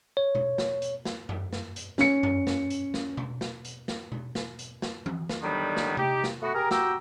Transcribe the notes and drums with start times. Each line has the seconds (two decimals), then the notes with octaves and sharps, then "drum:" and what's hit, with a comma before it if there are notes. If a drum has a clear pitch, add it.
0.17 C#5
0.35 drum: tom B2
0.58 drum: snare
0.82 drum: hi-hat
1.05 drum: snare
1.29 drum: tom F#2
1.53 drum: snare
1.76 drum: hi-hat
1.98 C#4 C#7, drum: snare
2.23 drum: tom F#2
2.47 drum: snare
2.70 drum: hi-hat
2.94 drum: snare
3.17 drum: tom B2
3.41 drum: snare
3.65 drum: hi-hat
3.88 drum: snare
4.12 drum: tom B2
4.35 drum: snare
4.59 drum: hi-hat
4.82 drum: snare
5.06 drum: tom E3
5.29 drum: snare
5.42 D3 D#3 F#3 G3 B3
5.77 drum: snare
5.97 D#4 G4, drum: tom C3
6.24 drum: snare
6.41 A3 B3 F#4
6.55 G4 G#4 A#4
6.71 F#4 G4 G5 A#5 E6, drum: snare